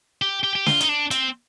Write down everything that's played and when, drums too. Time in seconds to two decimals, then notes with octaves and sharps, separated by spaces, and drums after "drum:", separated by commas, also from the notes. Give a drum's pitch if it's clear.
0.22 G4
0.43 G4
0.55 G4
0.66 F4, drum: snare
0.81 D#4, drum: hi-hat
0.89 D4
1.11 C4, drum: hi-hat